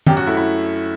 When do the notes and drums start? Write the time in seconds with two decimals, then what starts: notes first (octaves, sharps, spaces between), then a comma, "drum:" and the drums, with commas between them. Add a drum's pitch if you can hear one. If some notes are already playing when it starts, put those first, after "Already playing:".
0.07 F#2 G4, drum: tom D#3
0.17 F#4
0.27 A3 E4
0.37 E4